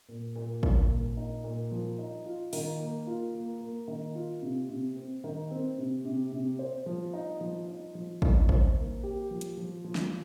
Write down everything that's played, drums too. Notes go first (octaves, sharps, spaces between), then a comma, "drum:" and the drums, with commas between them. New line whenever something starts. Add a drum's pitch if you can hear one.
A#2
A#2
A#2, drum: kick
A#2
D#4
A#2
F3
D#4
F4
D#3, drum: open hi-hat
A#3
F4
A#3
A#3
D#3
F4
C3
C3
C4
D#3
C4
C3
C3
C3
C5
F3
D#4
F3
D#4
F3
D#4, drum: kick
C5, drum: kick
A#3
G4
F3
drum: hi-hat
F3
F3
drum: snare